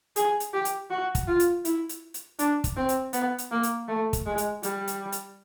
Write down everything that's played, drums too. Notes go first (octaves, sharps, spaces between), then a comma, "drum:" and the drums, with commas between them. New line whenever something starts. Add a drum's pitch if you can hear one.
G#4, drum: hi-hat
drum: hi-hat
G4
drum: hi-hat
F#4
drum: kick, hi-hat
F4
drum: hi-hat
E4, drum: hi-hat
drum: hi-hat
drum: hi-hat
D4, drum: hi-hat
drum: kick, hi-hat
C4
drum: hi-hat
B3, drum: hi-hat
drum: hi-hat
A#3
drum: hi-hat
A3
drum: kick, hi-hat
G#3
drum: hi-hat
G3, drum: hi-hat
drum: hi-hat
drum: hi-hat